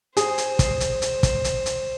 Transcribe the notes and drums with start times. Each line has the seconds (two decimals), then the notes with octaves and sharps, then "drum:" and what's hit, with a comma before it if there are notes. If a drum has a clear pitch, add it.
0.17 G#4 C5, drum: hi-hat
0.38 drum: hi-hat
0.59 drum: kick, hi-hat
0.80 drum: hi-hat
1.02 drum: hi-hat
1.23 drum: kick, hi-hat
1.44 drum: hi-hat
1.66 drum: hi-hat